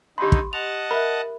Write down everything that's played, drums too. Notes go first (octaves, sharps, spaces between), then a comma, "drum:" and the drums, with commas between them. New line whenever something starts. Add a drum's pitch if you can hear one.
D3 D#4 G4 B5 C6
drum: kick
D#5 F#5 A5 F7
A#4 E5 B5 F#6